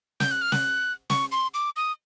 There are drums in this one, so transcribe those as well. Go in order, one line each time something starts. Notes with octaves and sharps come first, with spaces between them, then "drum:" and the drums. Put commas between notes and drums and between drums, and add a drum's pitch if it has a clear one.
G6, drum: snare
F#6
F6
F#6, drum: snare
C#6, drum: snare
C6
D6
D#6